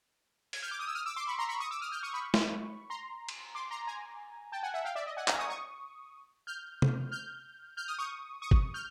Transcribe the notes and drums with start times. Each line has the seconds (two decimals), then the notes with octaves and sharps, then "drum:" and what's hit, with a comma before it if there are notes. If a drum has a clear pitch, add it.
0.53 G#6, drum: open hi-hat
0.63 F6 G6
0.71 D6
0.79 D#6
0.87 E6
0.95 D#6 F6
1.06 D6 E6
1.16 C6 D6
1.27 B5 C#6
1.38 A#5 C6
1.49 B5 C#6
1.60 C#6 D#6
1.71 D6 E6
1.81 D#6 F6
1.92 F6 G6
2.03 C#6 D#6
2.14 B5 C#6
2.34 drum: snare
2.90 A#5 C6
3.29 drum: cymbal
3.55 C6 D6
3.71 A#5 C6
3.87 G#5 A#5
4.52 G5 A5
4.63 F#5 G#5
4.74 E5 F#5
4.85 F5 G5
4.95 D5 E5
5.06 D#5
5.17 F#5 G#5
5.28 G#5 A#5, drum: clap
5.39 C#6 D#6
5.50 C#6 D#6
6.47 F6 G6
6.82 drum: tom
7.12 F6 G6
7.77 F6 G6
7.88 D#6 F6
7.98 C#6 D#6
8.42 C#6 D#6
8.51 drum: kick G1
8.74 F6 G6